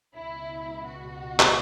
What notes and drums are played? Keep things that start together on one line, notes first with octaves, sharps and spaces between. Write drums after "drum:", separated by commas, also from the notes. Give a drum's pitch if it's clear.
C#2 B2 E4
F#4
drum: clap